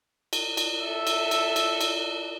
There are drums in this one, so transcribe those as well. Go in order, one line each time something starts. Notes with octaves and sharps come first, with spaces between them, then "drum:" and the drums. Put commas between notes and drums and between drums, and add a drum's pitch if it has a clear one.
drum: cymbal
drum: cymbal
A4 E5
drum: cymbal
drum: cymbal
drum: cymbal
drum: cymbal